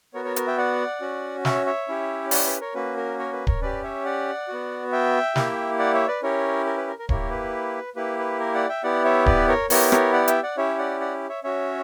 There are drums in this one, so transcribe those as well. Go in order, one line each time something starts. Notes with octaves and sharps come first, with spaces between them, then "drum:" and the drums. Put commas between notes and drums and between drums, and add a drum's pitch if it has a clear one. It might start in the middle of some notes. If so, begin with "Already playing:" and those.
B3 F#4 A#4 C#5
A#4 C#5
A#4, drum: hi-hat
E5 G5
D5 F#5
C#4 F#4
C#5 E5, drum: snare
C#5 E5
C#4 E4 G4
D5 F#5, drum: open hi-hat
B4
A#4 C#5
A#3 C#4 F#4 B4
A#4
A#4 C#5
B4
A#4 C#5, drum: kick D1
C#4 G4 B4 D5
C#5 E5
D5 F#5
B3 F#4
E5 G5
A#3 E4 G4, drum: snare
D5 F#5
C#5 E5
B4 D5
C#4 E4 G4 A#4 C#5
A#4
B4
A#4
A#4
A#3 E4 G4 A#4 C#5, drum: kick D1
B4
A#3 E4 G4 B4
B4
A#4
D5 F#5
E5 G5
B3 E4 G4 D5 F#5
C#5 E5
B4 D5, drum: kick D1
A#4 C#5
B3 E4 G4 A#4 C#5, drum: open hi-hat
A#4 C#5, drum: rim click
D5 F#5
E5 G5, drum: hi-hat
D5 F#5
C#4 E4 G4 C#5 E5
D5 F#5
D5 F#5
C#5 E5
C#4 F#4 C#5 E5